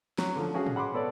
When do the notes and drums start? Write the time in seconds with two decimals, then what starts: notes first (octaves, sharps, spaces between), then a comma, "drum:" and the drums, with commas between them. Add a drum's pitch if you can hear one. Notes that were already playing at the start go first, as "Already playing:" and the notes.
0.18 F#3, drum: snare
0.36 D3 F3
0.53 G#3 C#4 F#4 G#4 F5
0.66 drum: tom
0.76 F#5 B5 C6 D6
0.94 B3 A4 C#5 D5